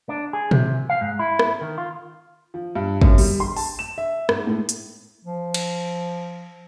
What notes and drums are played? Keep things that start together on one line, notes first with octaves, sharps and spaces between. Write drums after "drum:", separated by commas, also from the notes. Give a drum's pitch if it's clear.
D4
G#4
C3, drum: tom
F5
G#2
E4
drum: rim click
D#3
F4
F3
G2
F#2, drum: kick
G3, drum: open hi-hat
C6
A5, drum: open hi-hat
E7
E5
G#2, drum: rim click
A2
drum: hi-hat
F3
drum: cymbal